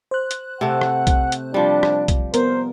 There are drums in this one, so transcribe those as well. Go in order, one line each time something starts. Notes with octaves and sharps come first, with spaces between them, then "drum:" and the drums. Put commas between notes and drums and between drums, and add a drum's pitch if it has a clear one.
C5 F#6
drum: hi-hat
C3 A3 F#5
drum: rim click
drum: kick B1, hi-hat
drum: hi-hat
F3 G3 D4
drum: rim click
drum: kick B1, hi-hat
B3 A#4 C5, drum: hi-hat